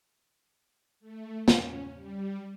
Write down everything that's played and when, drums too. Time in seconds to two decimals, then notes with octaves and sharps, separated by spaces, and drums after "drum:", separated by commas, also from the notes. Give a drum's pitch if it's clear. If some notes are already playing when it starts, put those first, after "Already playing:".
1.00 A3
1.48 C#4, drum: snare
1.95 G3